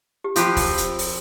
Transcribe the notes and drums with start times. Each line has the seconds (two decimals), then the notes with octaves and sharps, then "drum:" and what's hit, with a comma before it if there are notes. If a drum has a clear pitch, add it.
0.24 G4
0.36 F3 C4 F4 G4 B4, drum: hi-hat
0.57 drum: kick E1, open hi-hat
0.78 drum: hi-hat
0.99 drum: open hi-hat